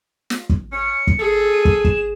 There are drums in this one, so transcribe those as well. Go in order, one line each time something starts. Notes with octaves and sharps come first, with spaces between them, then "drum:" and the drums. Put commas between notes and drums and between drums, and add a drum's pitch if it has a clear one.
drum: snare
drum: kick
C#4 C#7
drum: kick
G#4 A4
D#7
drum: kick
E7, drum: kick